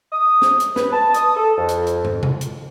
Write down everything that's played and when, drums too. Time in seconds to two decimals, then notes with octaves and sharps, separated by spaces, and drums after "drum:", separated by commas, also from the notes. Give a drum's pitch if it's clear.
0.13 D#6
0.42 drum: snare
0.60 drum: hi-hat
0.76 B4, drum: snare
0.93 A5
1.14 D#6, drum: hi-hat
1.36 A4
1.58 F2
1.68 drum: hi-hat
1.87 drum: hi-hat
2.05 drum: tom
2.23 drum: tom C3
2.41 drum: hi-hat